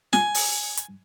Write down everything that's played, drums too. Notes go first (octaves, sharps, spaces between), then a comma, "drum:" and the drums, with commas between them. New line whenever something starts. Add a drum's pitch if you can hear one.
G#5, drum: snare
drum: open hi-hat
drum: hi-hat